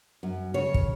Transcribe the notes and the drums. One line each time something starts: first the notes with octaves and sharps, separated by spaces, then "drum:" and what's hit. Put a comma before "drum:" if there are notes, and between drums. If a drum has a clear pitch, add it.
F#2
C#3 C#5
drum: kick